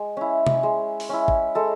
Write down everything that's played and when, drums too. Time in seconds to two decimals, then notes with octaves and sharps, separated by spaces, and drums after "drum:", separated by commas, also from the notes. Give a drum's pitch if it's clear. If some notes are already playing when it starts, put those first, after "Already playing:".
Already playing: G#3
0.17 C#4 E4
0.47 drum: tom
0.63 G#3
1.00 drum: open hi-hat
1.09 C#4 E4
1.28 drum: kick
1.55 G#3 A4